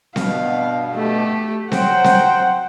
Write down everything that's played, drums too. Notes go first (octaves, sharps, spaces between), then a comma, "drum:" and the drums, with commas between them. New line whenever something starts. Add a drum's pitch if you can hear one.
G2 B2 B3 F5, drum: snare C4
A3 G4
F#3 C5 F#5 G5, drum: snare C4
drum: snare C4